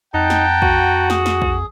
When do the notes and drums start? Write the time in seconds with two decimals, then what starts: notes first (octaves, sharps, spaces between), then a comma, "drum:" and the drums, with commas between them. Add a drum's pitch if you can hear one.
0.14 F2 D#4 F#5 G5 A5 A#5
0.30 drum: snare
0.62 F#4, drum: kick
1.10 G#4, drum: snare
1.26 drum: snare
1.42 drum: kick